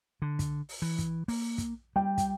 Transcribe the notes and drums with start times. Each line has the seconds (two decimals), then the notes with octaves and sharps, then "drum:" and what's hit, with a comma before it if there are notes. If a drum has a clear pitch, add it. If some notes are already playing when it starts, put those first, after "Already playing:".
0.22 D3
0.39 drum: kick, hi-hat
0.69 drum: open hi-hat
0.82 E3
0.99 drum: kick, hi-hat
1.28 A#3, drum: open hi-hat
1.58 drum: kick, hi-hat
1.96 G3 G5
2.18 drum: kick, hi-hat